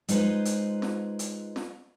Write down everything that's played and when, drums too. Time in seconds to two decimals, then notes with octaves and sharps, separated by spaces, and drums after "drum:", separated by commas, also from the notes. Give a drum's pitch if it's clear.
0.09 G#3 D#4 F4 B4 C5, drum: hi-hat
0.45 drum: hi-hat
0.82 drum: snare
1.19 drum: hi-hat
1.56 drum: snare